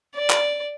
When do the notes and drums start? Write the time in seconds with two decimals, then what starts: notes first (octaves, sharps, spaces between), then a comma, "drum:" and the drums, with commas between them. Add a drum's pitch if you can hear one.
0.15 D5
0.30 drum: clap